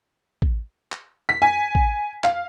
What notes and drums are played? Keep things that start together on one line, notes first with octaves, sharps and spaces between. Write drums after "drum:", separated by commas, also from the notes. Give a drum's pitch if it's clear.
drum: kick
drum: clap
B6
G#5
drum: kick
F5, drum: clap